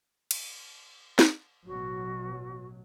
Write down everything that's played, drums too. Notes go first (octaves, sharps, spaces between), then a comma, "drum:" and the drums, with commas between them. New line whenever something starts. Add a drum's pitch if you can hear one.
drum: cymbal
drum: snare D#4
A1 B2 F#3 F#4